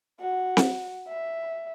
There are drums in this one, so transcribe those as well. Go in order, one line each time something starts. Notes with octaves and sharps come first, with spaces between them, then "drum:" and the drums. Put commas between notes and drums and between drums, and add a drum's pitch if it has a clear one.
F#4
drum: snare C4
E5